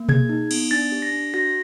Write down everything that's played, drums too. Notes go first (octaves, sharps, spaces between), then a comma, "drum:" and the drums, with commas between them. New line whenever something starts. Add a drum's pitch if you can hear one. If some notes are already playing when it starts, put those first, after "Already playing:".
Already playing: A#3
G#4 G#6, drum: tom B2
D#4
B3, drum: cymbal
D4 A6
G4
A#6
D4
F#4 A#6